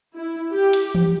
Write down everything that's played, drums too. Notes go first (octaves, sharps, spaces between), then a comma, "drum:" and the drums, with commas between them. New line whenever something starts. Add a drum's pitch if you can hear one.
E4
G4
drum: hi-hat
drum: tom E3